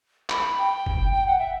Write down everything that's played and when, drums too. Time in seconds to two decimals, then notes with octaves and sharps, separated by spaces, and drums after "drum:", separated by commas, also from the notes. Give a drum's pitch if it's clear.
0.30 B5, drum: clap
0.58 G5
0.86 drum: kick
1.14 G5
1.27 F#5
1.39 E5